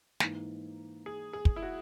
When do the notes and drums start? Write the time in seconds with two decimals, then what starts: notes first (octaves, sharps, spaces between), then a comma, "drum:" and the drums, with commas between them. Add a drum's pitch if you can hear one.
0.20 G#2 E3 A#3 D#4, drum: snare
1.06 G#4
1.33 G#4
1.45 drum: kick
1.56 E4
1.62 F#4